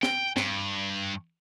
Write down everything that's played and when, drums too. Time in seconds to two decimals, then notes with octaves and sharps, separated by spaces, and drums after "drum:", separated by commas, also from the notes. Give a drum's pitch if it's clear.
0.03 G5, drum: snare
0.37 G2, drum: snare